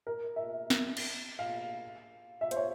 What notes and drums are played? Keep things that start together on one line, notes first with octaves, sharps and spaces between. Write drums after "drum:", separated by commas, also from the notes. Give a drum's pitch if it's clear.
A#4
E5
drum: snare
drum: cymbal
F5
E5
C5, drum: hi-hat
C#5